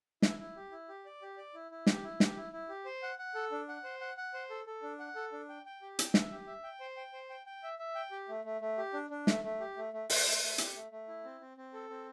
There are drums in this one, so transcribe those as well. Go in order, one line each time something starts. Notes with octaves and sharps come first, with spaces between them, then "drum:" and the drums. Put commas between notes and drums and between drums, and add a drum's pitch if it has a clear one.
E4, drum: snare
E4
G4
E4
G4
D5
G4
D5
E4
E4
G4, drum: snare
E4
G4, drum: snare
E4
E4
G4
C5
F#5
F#5
A4
D4
F#5
C5
F#5
F#5
C5
A4
A4
D4
F#5
A4
D4
G5
G5
G4
G5, drum: hi-hat
E5, drum: snare
G4
E5
G5
C5
G5
C5
G5
G5
E5
E5
G5
G4
A3
A3
A3
G4
D4
D4
A3, drum: snare
A3
G4
A3
A3
A3, drum: open hi-hat
A3
A3
G4, drum: hi-hat
A3
A3
E4
C4
C4
C4
A4
C4